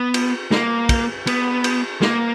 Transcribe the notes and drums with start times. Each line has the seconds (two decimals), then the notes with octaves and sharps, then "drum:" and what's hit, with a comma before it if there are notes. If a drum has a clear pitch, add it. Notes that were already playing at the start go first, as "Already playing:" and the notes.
Already playing: B3
0.14 drum: cymbal
0.51 A#3, drum: snare
0.89 drum: kick, cymbal
1.27 B3, drum: cymbal
1.64 drum: cymbal
2.02 A#3, drum: snare